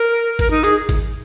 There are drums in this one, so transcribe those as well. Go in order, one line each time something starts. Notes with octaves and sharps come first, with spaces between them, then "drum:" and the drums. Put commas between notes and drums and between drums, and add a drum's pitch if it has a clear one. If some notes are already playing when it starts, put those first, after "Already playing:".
Already playing: A#4
A#4, drum: kick G#1, hi-hat
D#4
G#4, drum: hi-hat
drum: kick G#1, hi-hat